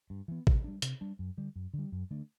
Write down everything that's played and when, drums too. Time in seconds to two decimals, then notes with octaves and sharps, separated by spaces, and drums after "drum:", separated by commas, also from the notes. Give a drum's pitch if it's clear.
0.10 G2
0.28 E3 B3
0.47 C3, drum: kick A1
0.64 G3 D4
0.82 C3, drum: hi-hat
1.01 G3 D4
1.19 F#2
1.37 D3 G3
1.56 F#2
1.74 D3 G3
1.92 F#2
2.11 D3 A3 D4